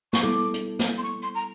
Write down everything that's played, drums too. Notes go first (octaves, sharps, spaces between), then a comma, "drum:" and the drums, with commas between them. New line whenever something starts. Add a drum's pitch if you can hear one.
C#6, drum: snare
G3 B3 E4 A4 D6
drum: hi-hat
drum: snare
C6
C#6
C6
A#5